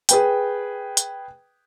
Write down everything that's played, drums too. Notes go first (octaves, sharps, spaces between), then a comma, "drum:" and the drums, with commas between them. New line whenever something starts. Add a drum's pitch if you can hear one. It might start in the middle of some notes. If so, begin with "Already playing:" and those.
G#4 B4 G5, drum: hi-hat
drum: hi-hat